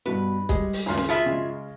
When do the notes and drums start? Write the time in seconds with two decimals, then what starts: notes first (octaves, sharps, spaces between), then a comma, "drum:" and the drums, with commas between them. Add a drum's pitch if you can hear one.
0.06 G2 B2 B3 B4
0.49 G3 G#3 G#4, drum: kick, hi-hat
0.73 drum: open hi-hat
0.86 G#1 C#2 G#5 C6 F6
0.97 drum: snare
1.09 F4 G#4 E5 A5 B5
1.26 C#3 G#3